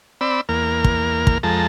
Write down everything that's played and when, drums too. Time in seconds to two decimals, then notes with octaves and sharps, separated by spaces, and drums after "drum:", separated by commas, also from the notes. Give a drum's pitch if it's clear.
0.21 C4 D5 B5 E6
0.49 E2 A#3 A#4 F6
0.84 drum: kick
1.27 drum: kick
1.43 F2 F3 G#3 A4 A5 A#5